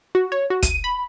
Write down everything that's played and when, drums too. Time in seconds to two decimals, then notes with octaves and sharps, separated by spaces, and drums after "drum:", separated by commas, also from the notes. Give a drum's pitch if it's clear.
0.15 F#4
0.32 C#5
0.50 F#4
0.63 D#7, drum: kick, hi-hat
0.84 B5